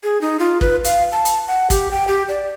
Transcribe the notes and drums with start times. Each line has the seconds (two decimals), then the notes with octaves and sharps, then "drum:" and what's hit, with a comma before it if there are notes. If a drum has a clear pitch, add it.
0.03 G#4
0.21 D#4
0.39 F4
0.61 B4, drum: kick
0.84 F5, drum: hi-hat
1.12 A5
1.25 drum: hi-hat
1.48 F#5
1.70 G4, drum: kick, hi-hat
1.91 G5
2.07 G4
2.28 D5